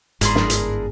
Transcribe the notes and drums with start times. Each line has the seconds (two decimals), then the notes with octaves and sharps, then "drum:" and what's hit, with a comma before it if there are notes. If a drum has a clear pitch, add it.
0.21 G1 G#2 D4 E4 G#4 A#4 C6, drum: hi-hat
0.35 drum: snare
0.50 drum: hi-hat